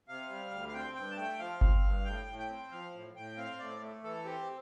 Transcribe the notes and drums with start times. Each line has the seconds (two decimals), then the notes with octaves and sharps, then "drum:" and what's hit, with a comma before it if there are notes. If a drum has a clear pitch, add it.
0.08 C3 F5
0.29 G3
0.51 D2
0.69 F5
0.74 C4 G5
0.95 G2 G5
1.11 A5
1.17 A3 G5
1.39 F3 F5
1.61 C4, drum: kick G1
1.83 G2
2.05 A2 G5
2.28 A2
2.39 G5
2.49 C4
2.71 F3 F5
2.94 A2
3.15 A2 G5
3.37 C4 F5
3.59 A2 D5
3.81 A3
4.04 E3 A4
4.25 C4 G4